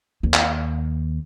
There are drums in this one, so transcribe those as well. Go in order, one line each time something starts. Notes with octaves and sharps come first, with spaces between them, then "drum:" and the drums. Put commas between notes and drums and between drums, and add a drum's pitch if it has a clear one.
D#2
drum: clap